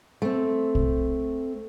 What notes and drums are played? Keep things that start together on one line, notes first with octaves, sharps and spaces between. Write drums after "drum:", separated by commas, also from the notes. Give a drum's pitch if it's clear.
A3 C4
drum: kick